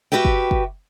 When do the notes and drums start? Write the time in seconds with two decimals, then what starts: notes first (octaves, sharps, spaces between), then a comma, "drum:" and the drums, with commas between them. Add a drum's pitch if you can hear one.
0.12 F#4 G4 B4 E5 G5
0.25 drum: kick
0.51 drum: kick